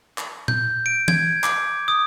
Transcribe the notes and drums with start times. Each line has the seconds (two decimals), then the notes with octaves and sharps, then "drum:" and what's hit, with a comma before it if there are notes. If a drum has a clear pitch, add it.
0.18 drum: clap
0.48 G6, drum: tom A#2
0.86 D7
1.08 G#6, drum: tom
1.44 D6, drum: clap
1.88 D#6